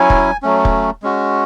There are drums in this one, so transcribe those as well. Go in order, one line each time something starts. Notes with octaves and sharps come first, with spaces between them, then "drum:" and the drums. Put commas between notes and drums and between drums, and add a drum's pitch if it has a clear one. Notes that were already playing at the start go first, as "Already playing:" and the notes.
Already playing: F#3 C#4 E4 G#5
drum: kick
F#3 A3 C#4
drum: kick
G#3 C#4 F#4